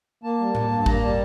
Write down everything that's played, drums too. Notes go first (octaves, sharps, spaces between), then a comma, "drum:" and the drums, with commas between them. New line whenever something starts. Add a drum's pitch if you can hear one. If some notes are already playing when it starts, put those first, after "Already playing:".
A#3 A5
G3
A#3, drum: tom A2
G2
A#3 A#5, drum: kick
G3 A5